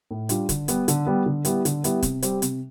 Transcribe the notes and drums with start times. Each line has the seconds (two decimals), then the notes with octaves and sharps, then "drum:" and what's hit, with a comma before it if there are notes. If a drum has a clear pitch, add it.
0.11 A2
0.29 G3 D4 F4, drum: hi-hat
0.49 D3, drum: kick, hi-hat
0.68 G3 B3, drum: hi-hat
0.88 D3, drum: hi-hat
1.06 G3 B3
1.26 D3
1.45 G3 B3 E4 G4, drum: hi-hat
1.65 D3, drum: hi-hat
1.84 G3 B3 E4 G4, drum: hi-hat
2.03 C3, drum: kick, hi-hat
2.22 G3 C4 G4, drum: hi-hat
2.42 C3, drum: hi-hat